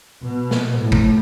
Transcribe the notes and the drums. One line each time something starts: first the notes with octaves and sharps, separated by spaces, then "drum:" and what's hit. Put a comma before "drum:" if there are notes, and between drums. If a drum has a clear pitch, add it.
B2
drum: snare
A2
drum: kick